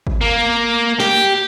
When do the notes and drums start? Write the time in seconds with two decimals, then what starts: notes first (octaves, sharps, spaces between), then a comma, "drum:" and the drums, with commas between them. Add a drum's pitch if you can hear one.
0.07 drum: kick G#1
0.21 A#3
1.00 G4, drum: snare